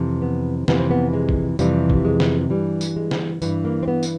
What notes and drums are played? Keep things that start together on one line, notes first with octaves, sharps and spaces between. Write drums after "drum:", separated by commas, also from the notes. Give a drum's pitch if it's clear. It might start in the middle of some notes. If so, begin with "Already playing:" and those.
Already playing: F2 C3 E3
B3
F2 C3 E3 B3, drum: snare
C4
B3
G#3
drum: kick
F2 C3 E3 G3, drum: tambourine
drum: kick
G#3
drum: snare
G2 E3 G3
drum: tambourine
G#3
drum: snare
G2 E3, drum: tambourine
A#3
C4
B3
drum: tambourine